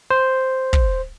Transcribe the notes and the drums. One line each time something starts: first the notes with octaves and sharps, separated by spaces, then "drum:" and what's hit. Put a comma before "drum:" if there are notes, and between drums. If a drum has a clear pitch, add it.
C5
drum: kick